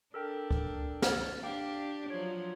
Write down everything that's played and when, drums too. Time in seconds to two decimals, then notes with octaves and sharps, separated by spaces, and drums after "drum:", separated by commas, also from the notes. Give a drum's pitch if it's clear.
0.14 D4 A4 A#4 G5
0.51 drum: kick C#2
1.02 F6 A6, drum: snare
1.43 D4 G4 F5 G5 D6
2.10 F3 F#3 C#5